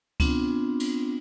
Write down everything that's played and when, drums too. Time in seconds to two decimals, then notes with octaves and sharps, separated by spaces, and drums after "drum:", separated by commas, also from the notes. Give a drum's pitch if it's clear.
0.20 B3 C4 D4 F4, drum: kick C#2, cymbal
0.80 drum: cymbal